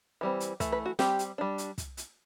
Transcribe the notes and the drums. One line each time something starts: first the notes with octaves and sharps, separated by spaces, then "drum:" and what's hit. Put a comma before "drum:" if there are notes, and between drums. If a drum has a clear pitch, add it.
E3 G3 C4
drum: hi-hat
E3 A3, drum: kick, hi-hat
B4
F#4
G3 C4 G4, drum: snare
drum: hi-hat
G3 D4
drum: hi-hat
drum: kick, hi-hat
drum: hi-hat